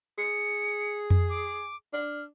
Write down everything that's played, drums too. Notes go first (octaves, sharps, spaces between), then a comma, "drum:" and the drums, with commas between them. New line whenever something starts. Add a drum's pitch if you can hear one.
G#4 C#7
drum: tom F2
D6
D4 F6